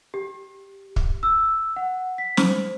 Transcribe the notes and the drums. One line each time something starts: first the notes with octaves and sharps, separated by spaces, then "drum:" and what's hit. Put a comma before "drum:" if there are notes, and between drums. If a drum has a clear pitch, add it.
G4
drum: kick
E6
F#5
B6
C5, drum: snare